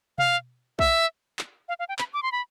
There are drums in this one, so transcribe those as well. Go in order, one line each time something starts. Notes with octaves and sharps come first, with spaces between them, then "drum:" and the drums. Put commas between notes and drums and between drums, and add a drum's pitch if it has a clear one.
F5, drum: tom B2
E5, drum: kick
drum: clap
F5
F5
G5
B5, drum: clap
D6
C6
B5